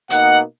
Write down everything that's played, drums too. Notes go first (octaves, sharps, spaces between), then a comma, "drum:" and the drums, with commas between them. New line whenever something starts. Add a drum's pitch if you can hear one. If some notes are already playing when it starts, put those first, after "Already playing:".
B2 A#3 D#4 D#5 F#5, drum: hi-hat